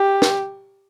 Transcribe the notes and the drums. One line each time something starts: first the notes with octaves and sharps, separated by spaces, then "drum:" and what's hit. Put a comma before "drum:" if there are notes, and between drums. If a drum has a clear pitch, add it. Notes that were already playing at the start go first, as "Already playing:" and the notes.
Already playing: G4
drum: snare